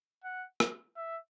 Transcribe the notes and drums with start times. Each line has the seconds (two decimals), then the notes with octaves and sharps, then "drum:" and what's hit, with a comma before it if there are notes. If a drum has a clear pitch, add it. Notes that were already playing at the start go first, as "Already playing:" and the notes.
0.24 F#5
0.60 drum: rim click
0.96 E5